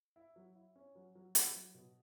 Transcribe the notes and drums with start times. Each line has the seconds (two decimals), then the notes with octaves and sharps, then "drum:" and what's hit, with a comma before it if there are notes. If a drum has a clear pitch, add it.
0.16 E4
0.36 F#3
0.56 E4
0.76 C#4
0.95 F#3
1.15 F#3
1.35 E4, drum: hi-hat
1.55 F#3
1.74 B2